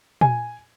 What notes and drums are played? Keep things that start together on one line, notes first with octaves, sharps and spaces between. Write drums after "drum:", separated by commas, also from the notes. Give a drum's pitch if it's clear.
G#5, drum: tom A#2